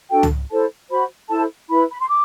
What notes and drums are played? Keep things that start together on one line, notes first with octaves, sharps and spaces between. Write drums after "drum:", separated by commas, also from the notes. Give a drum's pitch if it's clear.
D4 F#4 A4 G5
drum: tom
E4 A4 C5 A5
F#4 C5 B5
E4 A4 C5 A5
E4 B4 B5
B5
C6
D6